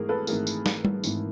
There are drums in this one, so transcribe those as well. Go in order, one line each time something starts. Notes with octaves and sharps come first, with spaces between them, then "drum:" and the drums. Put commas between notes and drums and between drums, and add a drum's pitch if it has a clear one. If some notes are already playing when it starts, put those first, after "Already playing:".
Already playing: G#1 G#2 E3 A3 G#4 A#4
A4 B4
G#1 G#2 E3 A3 G#4 A#4, drum: tambourine
drum: tambourine
drum: snare
drum: tom G3
G#1 G#2 E3 A3, drum: tambourine